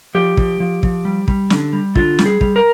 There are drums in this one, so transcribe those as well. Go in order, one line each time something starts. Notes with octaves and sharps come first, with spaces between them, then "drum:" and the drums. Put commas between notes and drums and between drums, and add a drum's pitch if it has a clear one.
F3 G4
F3, drum: kick
F3
F3, drum: kick
G3
G3, drum: kick
D3, drum: snare
G3
D3 F4, drum: kick
G3, drum: snare
G#4
G3, drum: kick
A#4